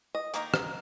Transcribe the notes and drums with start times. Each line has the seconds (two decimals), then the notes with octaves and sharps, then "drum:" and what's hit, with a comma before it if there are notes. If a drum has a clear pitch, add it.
0.15 D#5
0.34 D#3 A#3 D#4, drum: hi-hat
0.54 drum: rim click